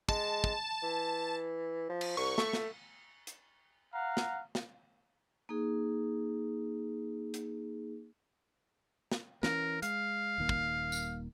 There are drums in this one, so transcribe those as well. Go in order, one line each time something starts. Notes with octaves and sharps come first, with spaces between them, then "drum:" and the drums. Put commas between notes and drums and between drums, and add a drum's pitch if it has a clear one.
G#3 A5, drum: kick
drum: kick
E3
F3
drum: cymbal
C2 C#6
A3, drum: snare
drum: snare
drum: hi-hat
F5 F#5 A#5
drum: snare
drum: snare
A#3 D#4 G#4
drum: hi-hat
drum: snare
E3 C#4 A#4, drum: snare
G#3 F5, drum: hi-hat
D#1 D#3 A#3
drum: kick
drum: tambourine